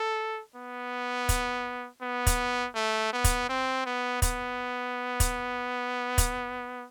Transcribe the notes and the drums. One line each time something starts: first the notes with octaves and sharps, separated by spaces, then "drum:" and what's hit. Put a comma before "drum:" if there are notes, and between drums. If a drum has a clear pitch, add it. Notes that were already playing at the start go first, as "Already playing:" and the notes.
Already playing: A4
B3
drum: kick, hi-hat
B3
drum: kick, hi-hat
A3
B3
drum: kick, hi-hat
C4
B3
B3, drum: kick, hi-hat
drum: kick, hi-hat
drum: kick, hi-hat